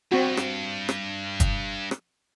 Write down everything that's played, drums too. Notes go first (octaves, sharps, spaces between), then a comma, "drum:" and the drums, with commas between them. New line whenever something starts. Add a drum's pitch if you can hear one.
G2 C4 F#4
drum: rim click
drum: rim click
drum: kick, hi-hat
drum: rim click